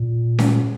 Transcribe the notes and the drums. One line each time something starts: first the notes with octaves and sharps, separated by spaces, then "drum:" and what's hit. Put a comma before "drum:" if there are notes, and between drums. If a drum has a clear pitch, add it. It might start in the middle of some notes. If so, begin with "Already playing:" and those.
Already playing: A#2
drum: snare C#4